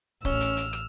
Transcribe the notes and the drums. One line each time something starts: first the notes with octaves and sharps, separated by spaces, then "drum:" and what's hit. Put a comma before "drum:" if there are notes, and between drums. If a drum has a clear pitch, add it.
A1 C#4 E6 F6, drum: kick C#1, open hi-hat
drum: hi-hat
drum: hi-hat
drum: rim click